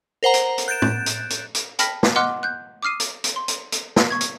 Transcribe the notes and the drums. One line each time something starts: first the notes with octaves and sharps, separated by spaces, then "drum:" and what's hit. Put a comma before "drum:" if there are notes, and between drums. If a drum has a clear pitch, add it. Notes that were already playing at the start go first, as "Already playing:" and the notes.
A#4 C5 F#5 A#5
drum: hi-hat
drum: hi-hat
F#6 G6 A6 D7 E7
drum: tom A2
drum: hi-hat
drum: hi-hat
drum: hi-hat
G5 A5 B5 F6 A#6 B6, drum: hi-hat
drum: snare
D#5 F#5 C6 D6 F6 F#6
F#6 G6
D6 D#6 F6 C7 D#7
drum: hi-hat
drum: hi-hat
C6
drum: hi-hat
drum: hi-hat
drum: snare
C#6 G#6
drum: hi-hat